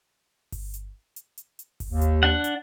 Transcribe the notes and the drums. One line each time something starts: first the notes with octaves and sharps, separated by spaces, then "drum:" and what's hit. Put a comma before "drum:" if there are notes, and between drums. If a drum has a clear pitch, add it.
drum: kick G1, open hi-hat
drum: hi-hat
drum: hi-hat
drum: hi-hat
drum: hi-hat
drum: kick G1, open hi-hat
D#2
drum: hi-hat
D4 F#5
drum: hi-hat